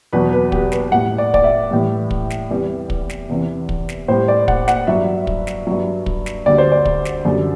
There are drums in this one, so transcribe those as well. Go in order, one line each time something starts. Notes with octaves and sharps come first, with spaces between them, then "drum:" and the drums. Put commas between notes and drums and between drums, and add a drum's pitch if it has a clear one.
E2 B2 F#3 B4
B4
G4, drum: kick
B4, drum: snare
A2 G3 F#5
D5
D5, drum: kick
E5
A2 E3 G3
drum: kick
drum: snare
E2 C3 E3 G3
drum: kick
drum: snare
E2 C3 E3
drum: kick
drum: snare
A2 G3 C5
D5
F#5, drum: kick
F#5, drum: snare
G2 F#3 E5
drum: kick
drum: snare
G2 F#3
drum: kick
drum: snare
D2 D3 G3 D5
C5
D5
drum: kick
drum: snare
F#2 D3 G3